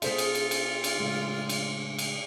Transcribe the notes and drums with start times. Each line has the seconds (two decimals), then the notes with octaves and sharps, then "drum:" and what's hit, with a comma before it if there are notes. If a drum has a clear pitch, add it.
0.02 B2 F4 G#4 A4 C5 E5, drum: cymbal
0.18 drum: cymbal
0.35 drum: cymbal
0.51 drum: cymbal
0.84 drum: cymbal
0.99 A2 C#3 G#3
1.49 drum: cymbal
1.98 drum: cymbal